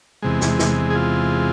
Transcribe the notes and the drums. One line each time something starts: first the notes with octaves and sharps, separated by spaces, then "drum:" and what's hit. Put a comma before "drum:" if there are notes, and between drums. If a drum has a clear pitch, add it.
E2 C3 G#3
drum: snare
drum: snare
G#4
F4